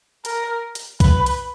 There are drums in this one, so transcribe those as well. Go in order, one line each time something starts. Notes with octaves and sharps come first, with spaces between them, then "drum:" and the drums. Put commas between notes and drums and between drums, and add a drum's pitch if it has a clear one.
A#4, drum: hi-hat
drum: hi-hat
B4, drum: kick C2, hi-hat
drum: hi-hat